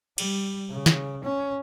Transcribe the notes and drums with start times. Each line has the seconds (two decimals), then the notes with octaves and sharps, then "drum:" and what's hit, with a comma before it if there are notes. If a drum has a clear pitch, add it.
0.18 G3, drum: cymbal
0.70 C#3
0.86 drum: snare
1.24 C#4